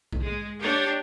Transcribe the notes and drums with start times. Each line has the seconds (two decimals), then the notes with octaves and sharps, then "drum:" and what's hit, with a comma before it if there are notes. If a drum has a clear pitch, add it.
0.12 drum: kick B1
0.24 G#3
0.61 D4 G4 C#5